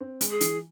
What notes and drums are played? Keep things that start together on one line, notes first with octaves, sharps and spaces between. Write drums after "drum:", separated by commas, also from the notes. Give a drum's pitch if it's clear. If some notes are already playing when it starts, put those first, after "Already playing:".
C4
G#3, drum: hi-hat
G#4
E3, drum: hi-hat